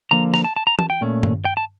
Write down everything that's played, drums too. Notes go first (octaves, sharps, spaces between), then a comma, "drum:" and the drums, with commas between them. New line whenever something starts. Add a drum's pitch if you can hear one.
D3 F3 A#3 A#5
A#5, drum: rim click
A5
A5
A#5
A5, drum: tom
G5
A#2 A3 C#4
drum: tom
G5
A5